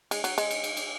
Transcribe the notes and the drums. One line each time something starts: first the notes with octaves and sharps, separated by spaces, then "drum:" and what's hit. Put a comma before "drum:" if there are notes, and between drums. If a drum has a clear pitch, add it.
G#3, drum: cymbal
F#3, drum: cymbal
G#3, drum: cymbal
drum: cymbal
drum: cymbal
drum: cymbal